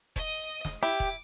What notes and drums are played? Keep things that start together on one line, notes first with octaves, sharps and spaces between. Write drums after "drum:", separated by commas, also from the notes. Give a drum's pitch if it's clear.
D#5 D#6, drum: kick E1
drum: snare
E4 G4 D6
drum: kick E1